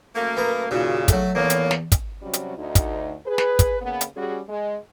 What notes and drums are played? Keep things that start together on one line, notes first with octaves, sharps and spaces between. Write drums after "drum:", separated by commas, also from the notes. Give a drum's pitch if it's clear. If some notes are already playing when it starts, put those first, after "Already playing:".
F#2 A3 A#3 A#4
B3 A#5
D#2 A#2 C#3 F#4
F#3 A3 A4, drum: kick, hi-hat
E2 A2 D#3 A#3 C#5
drum: hi-hat
drum: snare
drum: kick, hi-hat
C3 F#3 G3 C#4 F#4
drum: hi-hat
D2 D#4
drum: kick, hi-hat
G#4 B4
drum: snare
drum: kick, hi-hat
C#3 A#3 B3
drum: hi-hat
G3 C#4 F#4 G#4
G#3